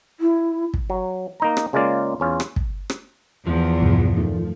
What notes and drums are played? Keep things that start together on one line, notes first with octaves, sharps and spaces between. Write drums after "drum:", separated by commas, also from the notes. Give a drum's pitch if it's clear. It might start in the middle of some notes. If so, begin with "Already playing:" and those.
E4
drum: kick
F#3
A#3 D#4 A#5
drum: rim click
C#3 G#3 A#3 F4 D5
E2 C#4 F4
drum: rim click
drum: kick
drum: rim click
E2 F3
D2 G2 B2
D#3 A3